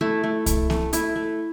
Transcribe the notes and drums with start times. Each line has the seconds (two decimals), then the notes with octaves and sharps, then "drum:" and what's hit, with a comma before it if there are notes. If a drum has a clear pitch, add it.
0.01 A3 E4
0.24 A3
0.46 A3, drum: kick C2, hi-hat
0.70 A3, drum: snare A#3
0.93 A3 E4, drum: hi-hat
1.16 A3